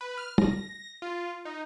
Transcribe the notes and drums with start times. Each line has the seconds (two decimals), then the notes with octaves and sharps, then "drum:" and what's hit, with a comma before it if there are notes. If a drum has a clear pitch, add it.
0.01 B4
0.18 F6
0.38 A#6, drum: tom
1.02 F4
1.45 D#4